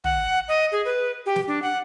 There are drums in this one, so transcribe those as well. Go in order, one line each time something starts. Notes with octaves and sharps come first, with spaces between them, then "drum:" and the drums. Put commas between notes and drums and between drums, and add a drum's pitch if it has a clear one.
F#5, drum: tom
D#5
G#4
B4
G4
drum: snare
D4
F#5